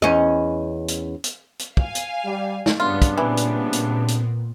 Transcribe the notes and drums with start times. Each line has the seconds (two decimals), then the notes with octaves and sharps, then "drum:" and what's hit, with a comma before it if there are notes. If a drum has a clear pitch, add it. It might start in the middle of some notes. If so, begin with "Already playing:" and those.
0.02 E2 C#4 D#5
0.88 drum: hi-hat
1.24 drum: hi-hat
1.59 drum: hi-hat
1.77 F5 G#5, drum: kick
1.95 drum: hi-hat
2.25 G3
2.66 drum: snare
2.80 G2 C#3 G3 B3 D4 F4
3.02 drum: kick, hi-hat
3.17 A#2 E3 B3 C4
3.37 drum: hi-hat
3.73 drum: hi-hat
4.08 drum: hi-hat